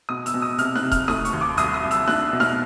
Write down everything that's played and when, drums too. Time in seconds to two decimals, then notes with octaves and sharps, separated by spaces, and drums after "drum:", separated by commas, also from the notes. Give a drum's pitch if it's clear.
0.09 B2 D#6
0.26 E6, drum: hi-hat
0.34 B2
0.42 D#6
0.58 C3 F6, drum: hi-hat
0.75 F#6, drum: snare D#4
0.83 C3
0.92 F6, drum: kick D#1, hi-hat
1.08 A3 D#6, drum: snare D#4
1.25 C#6, drum: hi-hat
1.33 D#2
1.41 D6
1.57 C2 D#6, drum: hi-hat
1.74 D#6
1.83 C2
1.91 E6, drum: hi-hat
2.07 D4 F#6, drum: snare D#4
2.33 B2
2.40 F6, drum: snare D#4